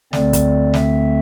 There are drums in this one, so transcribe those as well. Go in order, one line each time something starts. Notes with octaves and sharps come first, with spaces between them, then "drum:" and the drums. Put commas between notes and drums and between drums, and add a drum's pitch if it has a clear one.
D2 D3 A3 C4 D5, drum: snare
drum: kick, hi-hat
E5, drum: snare